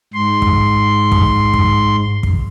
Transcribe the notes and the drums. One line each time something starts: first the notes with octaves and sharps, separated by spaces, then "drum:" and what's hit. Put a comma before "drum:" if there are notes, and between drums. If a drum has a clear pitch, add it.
G#2 C6
drum: kick
drum: kick
drum: kick
drum: kick